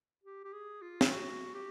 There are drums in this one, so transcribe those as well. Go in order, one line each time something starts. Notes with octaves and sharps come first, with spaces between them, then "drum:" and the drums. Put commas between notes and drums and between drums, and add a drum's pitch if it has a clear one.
G4
G4
G#4
F4
drum: snare
F#4
G4